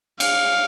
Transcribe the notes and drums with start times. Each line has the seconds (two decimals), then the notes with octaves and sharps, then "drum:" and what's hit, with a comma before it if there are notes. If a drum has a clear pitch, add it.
0.20 F5, drum: cymbal